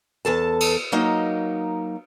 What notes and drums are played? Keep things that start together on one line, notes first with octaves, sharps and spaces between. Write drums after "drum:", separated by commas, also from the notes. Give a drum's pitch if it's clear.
E2 A4 A5
drum: cymbal
F#3 A#3 D#4 D#5